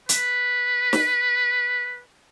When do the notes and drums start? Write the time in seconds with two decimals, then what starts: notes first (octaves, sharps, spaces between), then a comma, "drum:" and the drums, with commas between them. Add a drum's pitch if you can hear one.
0.09 B4, drum: hi-hat
0.93 drum: snare